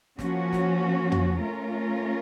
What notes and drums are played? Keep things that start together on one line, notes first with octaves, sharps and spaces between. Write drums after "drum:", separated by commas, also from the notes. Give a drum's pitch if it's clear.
F3 A#3 C#4 F#4, drum: snare
drum: snare
drum: tom
A3 C#4 F4 A#4